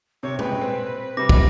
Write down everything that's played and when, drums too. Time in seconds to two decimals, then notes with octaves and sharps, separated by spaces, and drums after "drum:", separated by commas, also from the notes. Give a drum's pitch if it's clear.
0.23 C3 C#5
0.39 G#3 B4 G5, drum: tom B2
0.61 C4
1.17 C3 G3 D6 A#6
1.29 drum: kick